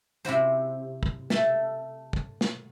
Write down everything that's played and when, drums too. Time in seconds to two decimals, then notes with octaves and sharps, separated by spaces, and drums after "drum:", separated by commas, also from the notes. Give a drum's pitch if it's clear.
0.25 C3 E4 F#4 C5
1.03 drum: kick
1.30 A3 A4, drum: snare
2.13 drum: kick
2.41 drum: snare